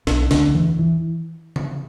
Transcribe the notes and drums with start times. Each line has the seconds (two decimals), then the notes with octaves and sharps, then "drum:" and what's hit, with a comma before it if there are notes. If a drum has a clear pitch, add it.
0.07 B1 B2, drum: snare
0.31 D2 D3, drum: snare
0.55 E2 E3
0.79 E3
1.56 drum: tom C#3